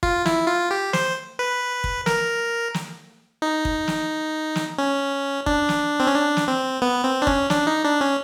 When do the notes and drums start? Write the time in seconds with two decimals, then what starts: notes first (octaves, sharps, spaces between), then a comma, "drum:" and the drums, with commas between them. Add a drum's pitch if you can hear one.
0.03 F4, drum: kick
0.25 E4, drum: snare
0.48 F4
0.71 G4
0.93 C5, drum: snare
1.39 B4
1.84 drum: kick
2.06 A#4, drum: snare
2.74 drum: snare
3.42 D#4
3.65 drum: kick
3.88 drum: snare
4.56 drum: snare
4.78 C#4
5.46 D4, drum: kick
5.69 drum: snare
6.00 C4
6.07 C#4
6.14 D4
6.37 drum: snare
6.48 C4
6.82 B3
7.04 C4
7.22 D4
7.27 C#4, drum: kick
7.50 D4, drum: snare
7.67 D#4
7.84 D4
8.01 C#4